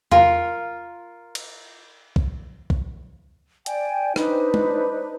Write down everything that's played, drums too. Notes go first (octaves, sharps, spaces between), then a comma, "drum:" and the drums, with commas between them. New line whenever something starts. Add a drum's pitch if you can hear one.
F4 A#4, drum: tom
drum: cymbal
drum: kick
drum: kick
D5 G5 G#5, drum: hi-hat
D4 D#4 B4 C5, drum: rim click
drum: tom G#3